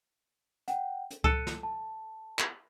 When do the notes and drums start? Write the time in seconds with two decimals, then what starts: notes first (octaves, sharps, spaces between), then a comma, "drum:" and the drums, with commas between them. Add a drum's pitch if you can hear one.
0.68 F#5 G5, drum: hi-hat
1.10 drum: hi-hat
1.24 A4 F#6 C#7 D#7, drum: kick C#2
1.47 drum: snare
1.63 A5
2.39 drum: clap